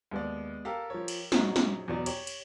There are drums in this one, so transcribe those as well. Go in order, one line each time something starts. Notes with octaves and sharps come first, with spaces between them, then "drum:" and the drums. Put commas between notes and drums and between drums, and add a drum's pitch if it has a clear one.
D#2 G#3 B3 D5
G4 A4 A#4 F5
F3 C#5
drum: cymbal
A#1 F#2 D#4 F#4, drum: snare
drum: snare
E2 B2 F#3 D5
G4 C#5, drum: cymbal
drum: cymbal